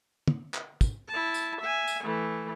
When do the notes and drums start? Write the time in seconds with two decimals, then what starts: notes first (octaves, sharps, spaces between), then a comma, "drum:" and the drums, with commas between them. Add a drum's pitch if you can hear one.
0.28 drum: tom
0.54 drum: clap
0.81 drum: kick, tambourine
1.09 E4 A5
1.34 drum: tambourine
1.61 E5 G#5
1.88 drum: tambourine
2.04 E3 A3